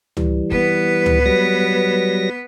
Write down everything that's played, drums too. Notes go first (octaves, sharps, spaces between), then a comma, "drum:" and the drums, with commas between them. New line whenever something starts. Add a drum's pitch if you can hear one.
E3 G3, drum: tom C#2
B3 B4, drum: kick
drum: tom C#2
F#3 G3 A#6